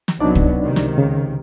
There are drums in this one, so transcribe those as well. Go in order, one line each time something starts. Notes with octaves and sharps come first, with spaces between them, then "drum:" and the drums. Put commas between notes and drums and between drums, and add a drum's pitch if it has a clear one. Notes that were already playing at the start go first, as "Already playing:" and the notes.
drum: snare
C2 F#3 B3 D4 D#4 D5
drum: kick
C#2 C3 D#3
drum: snare
C#3